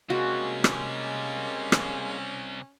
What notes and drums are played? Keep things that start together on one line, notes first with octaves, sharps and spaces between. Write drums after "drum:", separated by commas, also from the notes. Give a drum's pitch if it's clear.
C3 G3 G#3 A#3 C#4 F#4
drum: rim click
drum: rim click